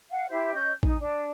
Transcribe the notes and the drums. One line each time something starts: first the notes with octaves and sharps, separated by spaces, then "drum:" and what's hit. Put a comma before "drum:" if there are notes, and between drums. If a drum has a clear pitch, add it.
F5 F#5
E4 G4 C5 E5
C#4 D#5 G6
D#4 G#5, drum: kick
D4